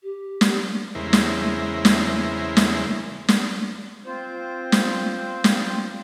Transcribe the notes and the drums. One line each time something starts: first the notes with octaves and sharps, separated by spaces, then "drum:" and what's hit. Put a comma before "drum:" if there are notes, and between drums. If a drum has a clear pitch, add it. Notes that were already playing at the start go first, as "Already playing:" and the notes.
G4
drum: snare
E2 C#3 G#3 E4 A#4 C5
drum: snare
drum: snare
drum: snare
drum: snare
C4 F4 C5
drum: snare
drum: snare